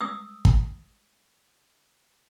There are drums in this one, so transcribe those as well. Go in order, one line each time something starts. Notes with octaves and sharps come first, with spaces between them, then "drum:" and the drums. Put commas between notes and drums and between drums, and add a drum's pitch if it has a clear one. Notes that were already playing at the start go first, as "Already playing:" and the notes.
D#6 E6
drum: kick